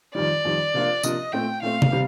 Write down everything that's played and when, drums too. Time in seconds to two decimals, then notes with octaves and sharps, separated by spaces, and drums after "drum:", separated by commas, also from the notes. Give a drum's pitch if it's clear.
0.15 F2 D#3 G3 D5
0.45 F2 D#3 G3
0.74 C3 F3 A#3 D4 F4
1.03 C3 F3 A#3 D4 F4 D#5, drum: tambourine
1.33 A#2 A3 C4 G5
1.62 A#2 A3 C4 F5
1.82 drum: tom C3
1.92 C3 G3